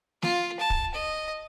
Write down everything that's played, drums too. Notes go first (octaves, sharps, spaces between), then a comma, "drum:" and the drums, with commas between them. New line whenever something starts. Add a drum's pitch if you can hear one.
F4, drum: snare
A5
drum: kick
D#5